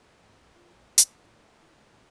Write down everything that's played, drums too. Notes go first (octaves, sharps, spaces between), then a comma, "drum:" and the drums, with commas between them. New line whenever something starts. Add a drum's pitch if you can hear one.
G#2
B1
F4
A#1
C4, drum: hi-hat
D3
A2
A3
E4
G#2
B2